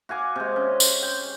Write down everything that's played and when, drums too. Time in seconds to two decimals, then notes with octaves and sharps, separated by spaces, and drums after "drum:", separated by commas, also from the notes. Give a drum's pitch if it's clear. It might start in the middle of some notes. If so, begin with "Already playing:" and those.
0.09 F#4 F5 G#5 D6
0.36 C3 G#3
0.56 C#4
0.80 drum: tambourine
1.03 G5